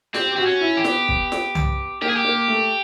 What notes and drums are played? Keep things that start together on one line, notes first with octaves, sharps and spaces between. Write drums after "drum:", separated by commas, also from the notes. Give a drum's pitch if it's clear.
C4 G4, drum: snare
G4
C4 F#4
C#4
E4
G4
B3, drum: snare
drum: kick
drum: snare
drum: tom C2
A#3 G4
G#4
G4
A#3
A3